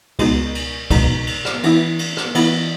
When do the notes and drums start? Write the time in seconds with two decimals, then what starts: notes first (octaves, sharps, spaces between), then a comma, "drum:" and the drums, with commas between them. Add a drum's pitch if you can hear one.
0.19 C#2 B2 G#3 B3 D#4, drum: cymbal
0.55 drum: cymbal
0.91 C#2 B2 G#3 B3 D#4, drum: kick, cymbal
1.27 drum: cymbal
1.45 drum: rim click
1.63 E3 B3 E4, drum: cymbal
1.99 drum: cymbal
2.17 drum: rim click
2.35 E3 B3 E4, drum: cymbal